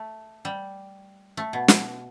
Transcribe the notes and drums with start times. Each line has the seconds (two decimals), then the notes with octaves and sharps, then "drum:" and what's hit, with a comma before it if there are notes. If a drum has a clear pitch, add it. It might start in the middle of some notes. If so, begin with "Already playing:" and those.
Already playing: A3
0.45 G3
1.37 A3
1.53 B2
1.68 drum: snare